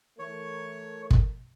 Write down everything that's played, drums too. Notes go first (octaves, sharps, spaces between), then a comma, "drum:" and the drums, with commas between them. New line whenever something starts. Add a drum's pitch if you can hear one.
E3 A3 A#4 C#5
drum: kick